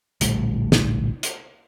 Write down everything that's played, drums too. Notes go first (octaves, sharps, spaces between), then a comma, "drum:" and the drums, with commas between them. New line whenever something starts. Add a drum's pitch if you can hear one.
D1 A#1 G3 A3, drum: hi-hat
drum: snare
drum: hi-hat